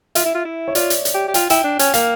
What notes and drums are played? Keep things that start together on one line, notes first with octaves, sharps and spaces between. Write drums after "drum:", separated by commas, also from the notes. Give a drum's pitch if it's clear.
F4 E5, drum: hi-hat
E4
F4
E4
C#5
F4 D5, drum: hi-hat
drum: hi-hat
drum: hi-hat
G4
G4
F4 G5, drum: hi-hat
E4 G5, drum: hi-hat
D4
C#4, drum: hi-hat
A#3 F5, drum: hi-hat